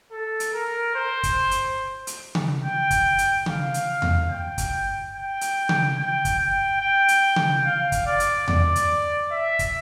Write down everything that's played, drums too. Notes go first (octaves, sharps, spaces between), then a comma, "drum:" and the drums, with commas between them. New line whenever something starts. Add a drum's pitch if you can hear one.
A4
drum: hi-hat
A#4
C5
drum: kick, hi-hat
drum: hi-hat
drum: hi-hat
drum: tom C#3
G5
drum: kick, hi-hat
drum: hi-hat
F5, drum: tom C#3
drum: hi-hat
drum: tom E2
G5
drum: kick, hi-hat
G5
drum: hi-hat
drum: tom C#3
G5
drum: kick, hi-hat
G5
G5
drum: hi-hat
drum: tom C#3
F5
drum: kick, hi-hat
D5
drum: hi-hat
D5, drum: tom E2
drum: hi-hat
E5
drum: kick, hi-hat